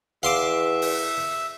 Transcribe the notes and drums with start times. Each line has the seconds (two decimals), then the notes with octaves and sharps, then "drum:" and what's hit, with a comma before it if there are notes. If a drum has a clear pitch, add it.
0.23 E2 E5 F5 C6 D6
0.82 drum: open hi-hat